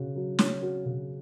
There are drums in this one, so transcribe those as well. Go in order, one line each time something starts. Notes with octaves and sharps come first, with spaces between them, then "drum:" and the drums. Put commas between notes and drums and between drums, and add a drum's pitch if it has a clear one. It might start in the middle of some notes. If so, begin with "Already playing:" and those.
Already playing: C#3 F#4
F#3
C#4, drum: snare
F#4
C#3